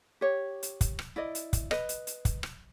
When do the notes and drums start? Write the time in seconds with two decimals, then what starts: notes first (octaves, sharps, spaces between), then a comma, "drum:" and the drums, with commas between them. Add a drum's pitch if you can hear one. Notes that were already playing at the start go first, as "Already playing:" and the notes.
0.21 G4 C#5
0.63 drum: hi-hat
0.81 drum: kick, hi-hat
0.99 drum: rim click
1.16 E4 D5 D#5
1.35 drum: hi-hat
1.53 drum: kick, hi-hat
1.71 B4 D#5, drum: rim click
1.89 drum: hi-hat
2.07 drum: hi-hat
2.25 drum: kick, hi-hat
2.43 drum: rim click